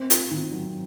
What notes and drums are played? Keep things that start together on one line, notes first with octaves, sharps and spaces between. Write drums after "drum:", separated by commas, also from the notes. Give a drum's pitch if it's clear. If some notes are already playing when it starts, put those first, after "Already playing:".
Already playing: C4
F4, drum: hi-hat
D#3
F#3